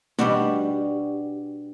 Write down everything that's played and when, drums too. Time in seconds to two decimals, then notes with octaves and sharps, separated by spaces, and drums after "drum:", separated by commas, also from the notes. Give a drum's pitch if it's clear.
0.18 B2 G3 D4 F#4, drum: tom A3